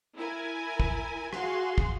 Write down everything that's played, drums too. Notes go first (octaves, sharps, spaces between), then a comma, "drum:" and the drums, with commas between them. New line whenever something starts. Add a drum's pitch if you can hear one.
E4 A#4 G#5
drum: kick
F#4 G#4 F5 C6, drum: rim click
drum: kick